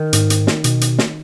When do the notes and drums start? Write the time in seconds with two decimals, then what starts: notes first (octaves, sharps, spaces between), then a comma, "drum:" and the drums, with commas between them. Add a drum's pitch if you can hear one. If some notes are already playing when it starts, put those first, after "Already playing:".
Already playing: D#3
0.13 G#2, drum: hi-hat
0.30 drum: hi-hat
0.47 drum: snare
0.64 B2, drum: hi-hat
0.81 drum: hi-hat
0.99 drum: snare